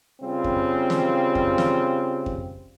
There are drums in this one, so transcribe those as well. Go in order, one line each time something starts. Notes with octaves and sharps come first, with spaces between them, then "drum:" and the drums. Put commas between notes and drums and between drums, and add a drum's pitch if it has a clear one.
C#3 G3 C4 F4
drum: kick F2
drum: snare
drum: kick F2
drum: snare
drum: kick F2